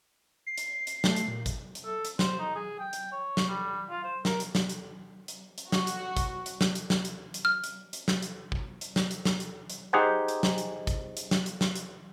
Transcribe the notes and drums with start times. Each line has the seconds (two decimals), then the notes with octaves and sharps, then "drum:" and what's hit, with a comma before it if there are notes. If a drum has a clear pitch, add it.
0.47 C7
0.58 drum: hi-hat
0.87 drum: hi-hat
1.04 A3, drum: snare
1.16 drum: hi-hat
1.28 A#2
1.46 drum: kick, hi-hat
1.75 drum: hi-hat
1.84 A4
2.05 drum: hi-hat
2.19 C5, drum: snare
2.39 D#4
2.56 G#4
2.80 G5
2.93 drum: hi-hat
3.12 C#5
3.37 drum: snare
3.48 G3
3.90 F4
4.04 C5
4.25 A#4, drum: snare
4.40 drum: hi-hat
4.55 drum: snare
4.69 drum: hi-hat
5.28 drum: hi-hat
5.58 drum: hi-hat
5.72 F#4, drum: snare
5.87 drum: hi-hat
6.17 drum: kick, hi-hat
6.46 drum: hi-hat
6.61 drum: snare
6.75 drum: hi-hat
6.90 drum: snare
7.05 drum: hi-hat
7.34 drum: hi-hat
7.45 F6
7.64 drum: hi-hat
7.93 drum: hi-hat
8.08 drum: snare
8.22 drum: hi-hat
8.52 drum: kick
8.81 drum: hi-hat
8.96 drum: snare
9.11 drum: hi-hat
9.25 drum: snare
9.40 drum: hi-hat
9.70 drum: hi-hat
9.93 D#4 G4 G#4 C5 F#5
10.28 drum: hi-hat
10.43 drum: snare
10.58 drum: hi-hat
10.87 drum: kick, hi-hat
11.17 drum: hi-hat
11.31 drum: snare
11.46 drum: hi-hat
11.61 drum: snare
11.76 drum: hi-hat